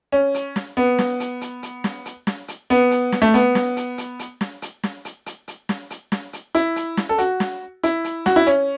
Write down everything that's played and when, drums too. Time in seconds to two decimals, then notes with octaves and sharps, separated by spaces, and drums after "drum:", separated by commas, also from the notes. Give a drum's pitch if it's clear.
0.12 C#4
0.34 drum: hi-hat
0.56 drum: snare
0.77 B3
0.99 drum: snare
1.20 drum: hi-hat
1.41 drum: hi-hat
1.63 drum: hi-hat
1.84 drum: snare
2.06 drum: hi-hat
2.27 drum: snare
2.48 drum: hi-hat
2.70 B3, drum: hi-hat
2.91 drum: hi-hat
3.12 drum: snare
3.22 A3
3.34 B3, drum: hi-hat
3.55 drum: snare
3.77 drum: hi-hat
3.98 drum: hi-hat
4.19 drum: hi-hat
4.41 drum: snare
4.62 drum: hi-hat
4.84 drum: snare
5.05 drum: hi-hat
5.26 drum: hi-hat
5.48 drum: hi-hat
5.69 drum: snare
5.90 drum: hi-hat
6.12 drum: snare
6.33 drum: hi-hat
6.55 E4, drum: hi-hat
6.76 drum: hi-hat
6.97 drum: snare
7.09 A4
7.18 F#4, drum: hi-hat
7.40 drum: snare
7.83 E4, drum: hi-hat
8.04 drum: hi-hat
8.26 F#4, drum: snare
8.36 E4
8.47 C#4, drum: hi-hat